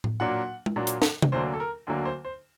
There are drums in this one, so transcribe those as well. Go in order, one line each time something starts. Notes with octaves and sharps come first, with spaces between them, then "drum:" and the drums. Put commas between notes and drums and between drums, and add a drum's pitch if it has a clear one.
drum: tom A2
A#2 F#3 A#3 D4 F#5
drum: tom G#3
A#2 F#3 A#3 D4
drum: hi-hat
drum: snare
drum: tom C3
D2 D3 F#3 A#3 D4 C5
A4
A#4
D2 D3 F#3 A#3 D4
C5
C5